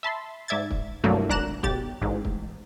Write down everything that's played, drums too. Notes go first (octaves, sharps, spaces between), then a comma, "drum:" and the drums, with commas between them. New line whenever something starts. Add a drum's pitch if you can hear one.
E5 A5 B5 C6
G#2 D5 E5 G#6 A6
drum: kick
C2 G2 F#3 A3 A#3
G#1 D4 D5 A#5 F#6 E7, drum: kick
B1 G4 A6, drum: kick
A1 G#2
drum: kick